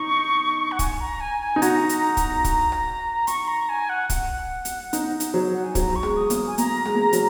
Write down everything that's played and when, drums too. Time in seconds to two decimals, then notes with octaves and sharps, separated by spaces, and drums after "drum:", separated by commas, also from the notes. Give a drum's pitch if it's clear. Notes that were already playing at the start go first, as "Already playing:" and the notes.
Already playing: D#4 C#6
0.71 F#5
0.79 G#5, drum: kick, hi-hat
1.00 A#5
1.20 G#5
1.41 G#5
1.56 D#4
1.62 F#4 A#5, drum: hi-hat
1.89 drum: hi-hat
2.17 drum: kick, hi-hat
2.44 drum: kick, hi-hat
2.72 drum: rim click
3.27 C#6, drum: hi-hat
3.48 A#5
3.69 G#5
3.89 F#5
4.10 F#5, drum: kick, hi-hat
4.65 drum: hi-hat
4.93 D#4, drum: hi-hat
5.20 drum: hi-hat
5.34 F#3
5.53 F#5
5.64 G#5
5.75 F#3 A#5, drum: kick, hi-hat
5.96 C#6
6.03 G#3, drum: rim click
6.17 D#6
6.30 A#3, drum: hi-hat
6.47 G#5
6.58 A#3 A#5, drum: hi-hat
6.86 G#3, drum: rim click
6.95 A#3
7.04 G#3
7.13 F#3, drum: hi-hat